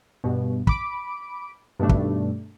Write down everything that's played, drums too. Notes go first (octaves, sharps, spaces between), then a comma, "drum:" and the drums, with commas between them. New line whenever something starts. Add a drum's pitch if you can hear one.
G2 B2
B5 D6 D7, drum: kick
G2 B2 D#3 A3 D4
drum: kick